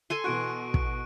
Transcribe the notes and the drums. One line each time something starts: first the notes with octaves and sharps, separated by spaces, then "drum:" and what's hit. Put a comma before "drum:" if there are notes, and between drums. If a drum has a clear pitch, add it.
A4 G#5 C6 D#7
B2 E3 F#4 C#6 F#6 D7
drum: kick